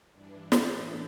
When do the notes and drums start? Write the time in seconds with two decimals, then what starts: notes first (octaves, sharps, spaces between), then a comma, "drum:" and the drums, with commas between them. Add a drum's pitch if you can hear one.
0.13 G2 E3 D4
0.52 A2 E3 D4, drum: snare